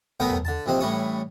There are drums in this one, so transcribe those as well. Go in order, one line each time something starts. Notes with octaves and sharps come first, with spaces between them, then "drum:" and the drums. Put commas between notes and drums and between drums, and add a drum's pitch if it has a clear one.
B1 A3 B3 A#4 G5 D#6
drum: tom E2
D3 A5
A#1 F2 C3 C4 D#5
A2 E3 G3 C#4 C#6 D#6